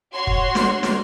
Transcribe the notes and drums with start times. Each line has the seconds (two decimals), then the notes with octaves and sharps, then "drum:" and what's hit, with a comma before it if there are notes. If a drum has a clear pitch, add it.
0.13 F#4 C#5 C6
0.27 drum: kick
0.55 drum: snare
0.83 drum: snare